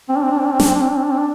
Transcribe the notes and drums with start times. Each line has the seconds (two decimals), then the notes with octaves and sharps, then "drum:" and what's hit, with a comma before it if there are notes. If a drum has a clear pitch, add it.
0.09 C4
0.15 D4
0.23 C4
0.31 D4
0.38 C4
0.45 D4
0.52 C4
0.60 D4, drum: snare
0.66 C4
0.75 D4
0.81 C4
0.89 D4
0.96 C4
1.03 D4
1.11 C4
1.18 D4